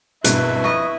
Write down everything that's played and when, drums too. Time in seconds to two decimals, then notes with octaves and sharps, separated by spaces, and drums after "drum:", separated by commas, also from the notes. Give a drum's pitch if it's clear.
0.24 G#1 G2 B2 E4 B4 F#6, drum: hi-hat
0.64 F2 D#5 C#6